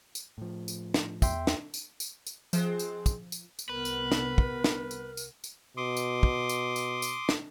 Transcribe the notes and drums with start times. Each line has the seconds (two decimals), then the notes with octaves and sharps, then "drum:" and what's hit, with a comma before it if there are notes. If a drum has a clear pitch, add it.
0.15 drum: tambourine
0.38 A2 F3
0.68 drum: tambourine
0.94 drum: snare
1.22 E2 E5 G5 C6, drum: kick, tambourine
1.47 drum: snare
1.74 drum: tambourine
2.00 drum: tambourine
2.27 drum: tambourine
2.53 F3 G#3 C4, drum: tambourine
2.79 drum: tambourine
3.06 drum: kick, tambourine
3.32 drum: tambourine
3.59 drum: tambourine
3.69 C2 C3 B3 A#4 B4
3.85 drum: tambourine
4.12 drum: snare
4.38 drum: kick
4.64 drum: snare
4.91 drum: tambourine
5.17 drum: tambourine
5.44 drum: tambourine
5.77 B2 C6 D6 D#6
5.97 drum: tambourine
6.23 drum: kick
6.49 drum: tambourine
6.76 drum: tambourine
7.02 drum: tambourine
7.29 drum: snare